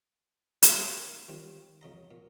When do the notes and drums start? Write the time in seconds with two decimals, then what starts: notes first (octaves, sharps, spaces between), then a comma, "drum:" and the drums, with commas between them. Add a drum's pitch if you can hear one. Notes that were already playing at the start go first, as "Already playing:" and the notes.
0.62 A2 C#4, drum: hi-hat
0.96 A#4
1.28 D#3 G3 C4 F4
1.81 F2 C#3 D#5 A#5
2.11 A#2